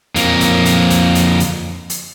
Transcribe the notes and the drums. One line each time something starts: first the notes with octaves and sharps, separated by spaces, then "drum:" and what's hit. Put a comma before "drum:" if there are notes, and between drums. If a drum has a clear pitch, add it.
F2 A#3, drum: hi-hat
drum: kick, hi-hat
drum: hi-hat
drum: kick, hi-hat
drum: hi-hat
drum: hi-hat
drum: hi-hat